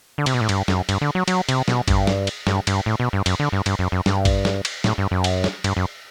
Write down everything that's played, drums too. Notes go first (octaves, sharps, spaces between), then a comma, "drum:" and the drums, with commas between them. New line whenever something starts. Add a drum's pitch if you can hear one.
D3
C3, drum: cymbal
B2
A2
G2, drum: cymbal
F#2, drum: snare
G2, drum: cymbal
D3
F#3
F#3, drum: cymbal
C3, drum: cymbal
B2, drum: snare
G2, drum: kick, cymbal
drum: snare
drum: cymbal
G2, drum: snare
G2, drum: cymbal
A2
B2
G2
F#2, drum: cymbal
D3
G2
G2, drum: cymbal
F#2
F#2
G2, drum: snare
drum: kick, cymbal
drum: snare
drum: cymbal
A2, drum: snare
G2
F#2
drum: cymbal
drum: snare
G2, drum: cymbal
F#2